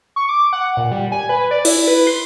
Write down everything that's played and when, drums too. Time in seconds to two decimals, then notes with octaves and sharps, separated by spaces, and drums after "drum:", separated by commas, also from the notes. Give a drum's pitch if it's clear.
0.16 C#6
0.29 D6
0.53 F#5
0.77 A#2
0.91 G3
1.12 G#5
1.29 B4
1.51 D5
1.65 E4, drum: cymbal
1.87 B4
2.07 C6